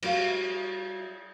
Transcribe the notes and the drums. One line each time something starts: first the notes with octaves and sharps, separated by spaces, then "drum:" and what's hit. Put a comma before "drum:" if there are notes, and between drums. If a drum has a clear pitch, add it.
G3 F#4 F5, drum: cymbal